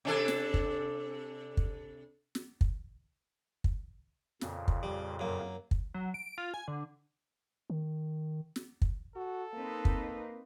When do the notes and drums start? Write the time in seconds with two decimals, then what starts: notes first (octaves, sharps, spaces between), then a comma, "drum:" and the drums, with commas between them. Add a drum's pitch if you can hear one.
0.05 C3 D4 A4
0.28 drum: snare
0.54 drum: kick
1.57 drum: kick
2.35 drum: snare
2.61 drum: kick
3.64 drum: kick
4.41 F2 A#2 C#3, drum: snare
4.68 drum: kick
4.83 G3
5.19 F#2 A#3
5.71 drum: kick
5.94 F#3
6.14 D7
6.38 F4
6.54 G#5
6.68 D3
7.70 D#3
8.56 drum: snare
8.82 drum: kick
9.16 F#4 A4
9.54 A#3 C4 D#4 B4
9.85 drum: kick